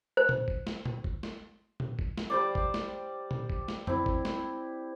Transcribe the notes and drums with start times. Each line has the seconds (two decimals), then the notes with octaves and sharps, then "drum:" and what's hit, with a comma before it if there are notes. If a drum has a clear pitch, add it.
0.17 C5
0.29 drum: tom A#2
0.48 drum: kick
0.67 drum: snare
0.86 drum: tom
1.04 drum: kick
1.23 drum: snare
1.80 drum: tom A#2
1.99 drum: kick
2.18 drum: snare
2.30 G3 C5 D5
2.55 drum: kick
2.74 drum: snare
3.31 drum: tom A#2
3.50 drum: kick
3.68 drum: snare
3.87 C4 E4, drum: tom F2
4.06 drum: kick
4.25 drum: snare